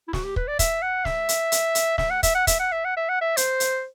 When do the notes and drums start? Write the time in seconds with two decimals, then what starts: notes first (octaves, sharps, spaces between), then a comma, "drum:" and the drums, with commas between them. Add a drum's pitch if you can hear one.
0.08 E4
0.13 F#4, drum: snare
0.24 G4
0.36 B4, drum: kick
0.48 D5
0.59 E5, drum: kick, hi-hat
0.82 F#5
1.05 E5, drum: snare
1.29 drum: hi-hat
1.52 drum: hi-hat
1.75 drum: hi-hat
1.98 E5, drum: snare
2.10 F#5
2.23 E5, drum: kick, hi-hat
2.35 F#5
2.47 E5, drum: kick, hi-hat
2.59 F#5
2.72 E5
2.85 F#5
2.97 E5
3.09 F#5
3.21 E5
3.37 C5, drum: hi-hat
3.60 drum: hi-hat